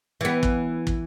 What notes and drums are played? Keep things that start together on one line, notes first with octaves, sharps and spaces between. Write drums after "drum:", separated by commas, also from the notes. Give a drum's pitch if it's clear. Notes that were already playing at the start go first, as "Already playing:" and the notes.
E3 B3
drum: kick
drum: kick